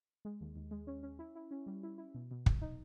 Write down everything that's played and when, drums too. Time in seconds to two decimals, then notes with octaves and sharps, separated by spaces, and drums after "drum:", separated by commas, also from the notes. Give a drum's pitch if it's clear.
0.25 G#3
0.41 D#2
0.56 D#2
0.71 G#3
0.87 C#4
1.03 C#4
1.19 E4
1.36 E4
1.51 C#4
1.66 G3
1.83 E4
1.98 E4
2.14 B2
2.31 B2
2.46 B2, drum: kick
2.61 D#4